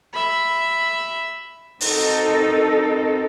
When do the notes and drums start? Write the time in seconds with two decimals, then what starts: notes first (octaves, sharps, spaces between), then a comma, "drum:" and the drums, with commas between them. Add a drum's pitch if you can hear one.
0.14 E5 B5
1.81 C4 D#4 F#4 A4 A#4, drum: open hi-hat